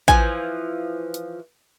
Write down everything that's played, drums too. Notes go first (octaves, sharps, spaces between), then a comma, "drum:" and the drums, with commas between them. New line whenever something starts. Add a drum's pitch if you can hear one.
E3 F3 G#5, drum: kick
drum: hi-hat